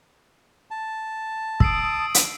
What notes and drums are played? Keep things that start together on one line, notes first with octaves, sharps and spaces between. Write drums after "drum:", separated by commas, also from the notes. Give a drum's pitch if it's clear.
A5
D#6 E6 C7 D7, drum: kick
drum: hi-hat